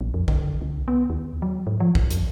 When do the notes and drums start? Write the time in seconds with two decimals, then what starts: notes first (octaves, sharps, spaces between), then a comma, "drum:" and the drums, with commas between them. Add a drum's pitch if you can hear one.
0.01 A#1
0.14 F2
0.28 D3, drum: kick
0.61 C2
0.88 B3
1.10 D#2
1.42 F#3
1.67 G#2
1.80 F3
1.95 D#2, drum: kick
2.11 F2, drum: hi-hat